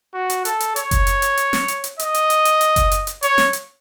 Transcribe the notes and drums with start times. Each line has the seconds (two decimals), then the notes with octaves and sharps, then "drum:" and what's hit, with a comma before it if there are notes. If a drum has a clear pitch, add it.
0.14 F#4
0.30 drum: hi-hat
0.45 A4, drum: hi-hat
0.60 drum: hi-hat
0.76 C#5, drum: hi-hat
0.91 drum: kick F#1, hi-hat
1.07 drum: hi-hat
1.22 drum: hi-hat
1.37 drum: hi-hat
1.53 drum: snare
1.68 drum: hi-hat
1.84 drum: hi-hat
1.99 D#5, drum: hi-hat
2.14 drum: hi-hat
2.30 drum: hi-hat
2.45 drum: hi-hat
2.61 drum: hi-hat
2.76 drum: kick F#1, hi-hat
2.92 drum: hi-hat
3.07 drum: hi-hat
3.23 C#5, drum: hi-hat
3.38 drum: snare
3.53 drum: hi-hat